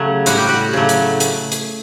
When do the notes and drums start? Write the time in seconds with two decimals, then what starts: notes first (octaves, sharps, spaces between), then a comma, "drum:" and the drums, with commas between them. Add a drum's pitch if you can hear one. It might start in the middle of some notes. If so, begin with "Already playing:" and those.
Already playing: C#3 F#3 A3 G4
0.26 A2 G3 F#4, drum: hi-hat
0.38 G4
0.49 F#4
0.73 C#3 F#3 A3
0.89 drum: hi-hat
1.20 drum: hi-hat
1.52 drum: hi-hat